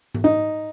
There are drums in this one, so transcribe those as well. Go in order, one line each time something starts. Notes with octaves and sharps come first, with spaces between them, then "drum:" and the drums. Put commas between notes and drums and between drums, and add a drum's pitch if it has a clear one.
drum: tom G#2
D#4